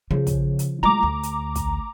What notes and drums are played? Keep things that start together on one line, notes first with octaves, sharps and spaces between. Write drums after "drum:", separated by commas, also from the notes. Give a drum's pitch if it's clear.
C#3 F3
drum: kick, hi-hat
drum: hi-hat
G#3 F4 A#5 D6
D2
drum: hi-hat
drum: kick, hi-hat